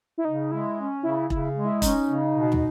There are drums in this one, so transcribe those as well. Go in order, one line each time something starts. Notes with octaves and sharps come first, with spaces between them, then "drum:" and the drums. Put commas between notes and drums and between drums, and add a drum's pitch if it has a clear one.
E4
C#3 D#4
G#3 E4
C#4
C#3 E4
C#3 E4, drum: kick E1
G#3
E4
C#4 D#4, drum: kick E1, hi-hat
C#3
B2
drum: tom